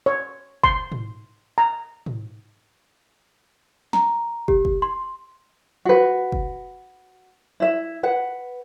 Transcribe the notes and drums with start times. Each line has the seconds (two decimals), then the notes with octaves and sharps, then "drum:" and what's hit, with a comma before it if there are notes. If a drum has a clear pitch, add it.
0.06 C#5
0.64 C6, drum: kick
0.92 drum: tom
1.58 A#5
2.06 drum: tom
3.93 A#5, drum: snare
4.48 G4, drum: kick
4.65 drum: kick
4.82 C6
5.85 F#4 B4
6.32 drum: kick
7.60 E4 E5
8.03 B4 F#5